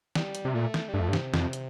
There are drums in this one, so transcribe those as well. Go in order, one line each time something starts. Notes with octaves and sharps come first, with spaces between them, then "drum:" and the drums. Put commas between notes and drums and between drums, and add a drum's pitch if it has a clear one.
G3, drum: snare
drum: hi-hat
C3
A#2 A3
drum: snare
G3
G2 A3
F2
G2
C3, drum: snare
F2, drum: snare
drum: hi-hat